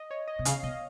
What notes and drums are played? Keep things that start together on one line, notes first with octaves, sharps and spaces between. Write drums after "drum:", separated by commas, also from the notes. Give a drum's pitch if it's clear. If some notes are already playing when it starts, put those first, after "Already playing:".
Already playing: D#5
C#5
D#5
B2
C#3 F5, drum: hi-hat
B2 D#5